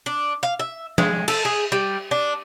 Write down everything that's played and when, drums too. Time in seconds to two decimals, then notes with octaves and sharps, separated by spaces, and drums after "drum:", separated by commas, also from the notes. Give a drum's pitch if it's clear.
0.06 D4
0.43 F5
0.60 E5
0.98 G#3, drum: tom F3
1.28 A4, drum: cymbal
1.45 G#4
1.72 G3
2.11 D4